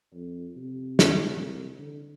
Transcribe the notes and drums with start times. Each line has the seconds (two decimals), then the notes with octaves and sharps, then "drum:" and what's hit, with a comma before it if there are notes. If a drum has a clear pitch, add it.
0.14 F2
0.56 C3
0.99 drum: snare
1.26 C2
1.79 D3